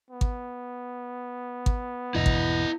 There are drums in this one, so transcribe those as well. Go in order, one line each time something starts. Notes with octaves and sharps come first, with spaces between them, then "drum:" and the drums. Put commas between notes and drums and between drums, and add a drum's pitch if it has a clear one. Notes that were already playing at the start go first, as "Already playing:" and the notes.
B3
drum: kick G#1
drum: kick G#1
G#1 E2 B2 E4 D#5
drum: kick G#1